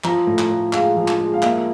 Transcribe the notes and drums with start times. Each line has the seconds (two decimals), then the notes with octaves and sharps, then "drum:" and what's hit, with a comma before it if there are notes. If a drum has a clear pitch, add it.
0.04 F3 A#5, drum: clap
0.27 A2
0.39 drum: clap
0.51 A2
0.73 G#3 F5, drum: clap
0.97 F3
1.08 drum: clap
1.19 G#3
1.34 F5
1.42 A#3 E5, drum: clap